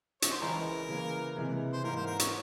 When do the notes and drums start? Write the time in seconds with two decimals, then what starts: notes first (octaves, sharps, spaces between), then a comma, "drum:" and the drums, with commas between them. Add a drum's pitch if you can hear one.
0.22 C#5, drum: hi-hat
0.32 C5
0.41 C#2 C#3 E3 G#3 A#4
0.89 C#3 E3 A#3
1.37 C3 E3 G#3 E4
1.73 C5
1.83 G#2 E3 A#3 A#4
1.96 C5
2.07 A#4
2.19 C#5, drum: hi-hat